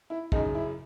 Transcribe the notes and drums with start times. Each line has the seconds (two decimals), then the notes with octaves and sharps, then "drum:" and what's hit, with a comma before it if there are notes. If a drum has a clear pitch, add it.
0.10 E4
0.32 F#2 C#3 D#4, drum: kick
0.55 E4